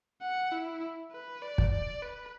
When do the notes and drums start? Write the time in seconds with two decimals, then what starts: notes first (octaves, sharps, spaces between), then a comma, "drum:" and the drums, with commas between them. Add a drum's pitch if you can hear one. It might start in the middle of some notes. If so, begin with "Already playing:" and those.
0.22 F#5
0.52 E4
1.12 B4
1.42 D5
1.58 drum: kick
1.72 D5
2.02 B4